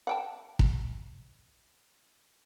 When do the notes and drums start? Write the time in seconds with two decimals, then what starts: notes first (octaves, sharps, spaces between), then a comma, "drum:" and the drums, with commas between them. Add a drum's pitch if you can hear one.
0.07 F#5 G5 A5
0.59 drum: kick